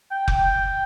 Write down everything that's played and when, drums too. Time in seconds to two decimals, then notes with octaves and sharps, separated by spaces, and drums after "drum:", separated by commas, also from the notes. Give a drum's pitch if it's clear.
0.11 G5
0.28 G5, drum: kick F1